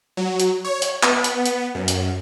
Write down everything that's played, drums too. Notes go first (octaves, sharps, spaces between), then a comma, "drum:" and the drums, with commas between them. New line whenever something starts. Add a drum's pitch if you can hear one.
F#3
drum: hi-hat
C#5
drum: hi-hat
B3, drum: clap
drum: hi-hat
drum: hi-hat
F#2
drum: hi-hat